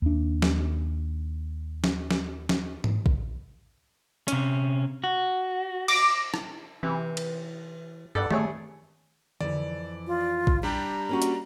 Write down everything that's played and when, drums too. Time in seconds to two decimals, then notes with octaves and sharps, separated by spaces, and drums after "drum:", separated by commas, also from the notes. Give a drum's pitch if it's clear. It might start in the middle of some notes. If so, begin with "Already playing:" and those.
0.02 D#2 D4
0.42 drum: snare
1.84 drum: snare
2.11 drum: snare
2.49 drum: snare
2.84 drum: tom G#2
3.06 drum: kick A1
4.28 C3 C#4, drum: hi-hat
5.04 F#4
5.88 D6 A#6, drum: cymbal
6.34 drum: rim click
6.83 C3 E3
7.17 drum: cymbal
8.15 G2 A4 D5 F#5
8.31 G3 A3 G#4 C#5, drum: tom D#3
9.41 F2 E3 D5, drum: tom D3
10.07 F4
10.47 drum: kick A1
10.63 G3 D4 G4 A#5
11.09 A#3 C#4 F#4
11.22 drum: hi-hat